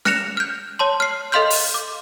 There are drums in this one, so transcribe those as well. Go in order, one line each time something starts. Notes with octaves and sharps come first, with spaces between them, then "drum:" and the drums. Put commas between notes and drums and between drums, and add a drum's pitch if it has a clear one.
F6 F#6 A#6 C#7 E7 F7, drum: snare C#4
F6 G6
C#5 A5 C6
F6 C7
A4 D#5 F5 C6 F6 G6
drum: open hi-hat
D6